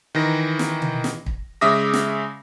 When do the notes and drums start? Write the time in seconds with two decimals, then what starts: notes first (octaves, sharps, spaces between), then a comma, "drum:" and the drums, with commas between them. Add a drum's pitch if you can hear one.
0.15 D#3 E3 A#6
0.59 drum: snare
0.82 drum: tom B2
1.04 drum: snare
1.26 drum: kick
1.61 C#3 G#3 E5 D6 D#6 A#6
1.94 drum: snare